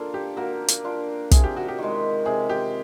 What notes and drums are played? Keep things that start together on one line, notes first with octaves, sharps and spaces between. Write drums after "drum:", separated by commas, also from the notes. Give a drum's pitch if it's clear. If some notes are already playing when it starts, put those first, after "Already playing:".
Already playing: A#3 D4 F4 A4
G4
A#3 F#4
drum: hi-hat
D4 F4
C3 G#4, drum: kick, hi-hat
G4
F#4
G4
D#3 G#3
C3 G#4
G4